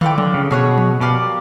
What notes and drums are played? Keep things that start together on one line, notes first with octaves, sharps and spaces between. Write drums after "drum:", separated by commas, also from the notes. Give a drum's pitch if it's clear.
E3 F4 A4 D5 G5, drum: tom
D3, drum: tom F3
C#3
B2 G#4 C#5 F#5
drum: tom F3
B2 G4 A#4 D5 F5